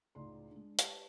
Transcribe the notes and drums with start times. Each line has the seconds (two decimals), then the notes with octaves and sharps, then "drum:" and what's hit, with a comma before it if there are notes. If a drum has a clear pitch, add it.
0.15 C#2 A2 D#4 D5 C6
0.51 G#3 D4
0.79 G4 B4 C#5 A5, drum: hi-hat